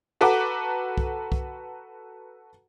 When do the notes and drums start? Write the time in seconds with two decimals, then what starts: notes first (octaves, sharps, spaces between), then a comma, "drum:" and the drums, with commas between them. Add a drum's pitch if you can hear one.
0.21 F#4 A4 B4 F#5 A#5 D6
0.98 drum: kick
1.32 drum: kick